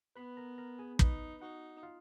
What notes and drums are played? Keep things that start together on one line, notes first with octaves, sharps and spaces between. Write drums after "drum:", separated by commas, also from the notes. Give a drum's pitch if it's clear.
B3 B4 B5
A#4 A#5
A#4 A#5
G#4 G#5
D#4 B4 B5, drum: kick
D#4 F#4 F#5
F4 F5